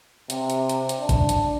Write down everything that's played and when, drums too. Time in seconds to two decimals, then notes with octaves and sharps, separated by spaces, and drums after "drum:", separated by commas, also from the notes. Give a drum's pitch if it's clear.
0.30 C3, drum: hi-hat
0.50 drum: hi-hat
0.69 drum: hi-hat
0.89 drum: hi-hat
1.00 D4
1.09 drum: kick A1, hi-hat
1.29 drum: hi-hat